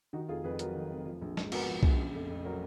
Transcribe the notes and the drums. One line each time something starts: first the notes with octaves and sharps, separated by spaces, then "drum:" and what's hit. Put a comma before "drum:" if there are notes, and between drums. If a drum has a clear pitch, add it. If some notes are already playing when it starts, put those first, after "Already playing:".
D#3 D#4 F#4
F1 F4 G#4
F2 G#4 B4
F#3 F#4 A#4, drum: hi-hat
D#3
F1
F3
A#1
G#2, drum: snare
B3 F#4 A#4, drum: cymbal
F3
A#1, drum: kick B1
C#3
F1
F2
F#3 F#4 A#4